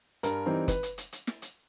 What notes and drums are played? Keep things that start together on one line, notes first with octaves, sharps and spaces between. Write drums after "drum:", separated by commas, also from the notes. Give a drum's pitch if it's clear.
G2 A#4, drum: hi-hat
E3 G3 C4 D#4
B4, drum: kick, hi-hat
drum: hi-hat
drum: hi-hat
drum: hi-hat
drum: snare
drum: hi-hat